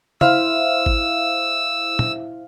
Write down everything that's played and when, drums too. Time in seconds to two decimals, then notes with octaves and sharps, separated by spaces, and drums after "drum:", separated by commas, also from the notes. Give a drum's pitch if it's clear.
0.21 E4 C5 E5 F5 E6, drum: tom
0.86 drum: kick G#1
1.99 drum: tom